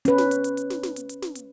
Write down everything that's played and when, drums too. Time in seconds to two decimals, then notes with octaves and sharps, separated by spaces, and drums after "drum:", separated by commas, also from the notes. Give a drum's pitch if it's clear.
0.05 C#4 B4, drum: hi-hat
0.18 drum: snare
0.31 drum: hi-hat
0.44 drum: hi-hat
0.57 drum: hi-hat
0.70 drum: snare
0.83 drum: snare
0.96 drum: hi-hat
1.09 drum: hi-hat
1.22 drum: snare
1.35 drum: hi-hat